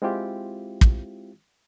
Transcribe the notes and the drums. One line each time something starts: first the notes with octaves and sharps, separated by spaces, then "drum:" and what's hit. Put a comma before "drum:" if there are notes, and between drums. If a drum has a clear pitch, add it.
G#3 C4 E4 F4 G4
drum: kick